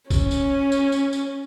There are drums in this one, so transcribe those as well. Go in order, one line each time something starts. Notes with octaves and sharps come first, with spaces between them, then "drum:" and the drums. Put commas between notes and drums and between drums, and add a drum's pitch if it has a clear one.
C#4, drum: kick, tambourine
drum: tambourine
drum: tambourine
drum: tambourine
drum: tambourine